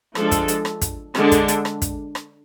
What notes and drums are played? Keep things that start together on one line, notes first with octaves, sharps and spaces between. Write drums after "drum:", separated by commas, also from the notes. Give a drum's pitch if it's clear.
F3 G#3 D4 A4, drum: rim click
drum: kick, hi-hat
drum: hi-hat
drum: rim click
drum: kick, hi-hat
D3 G#3 D4, drum: rim click
drum: kick, hi-hat
drum: hi-hat
drum: rim click
drum: kick, hi-hat
drum: rim click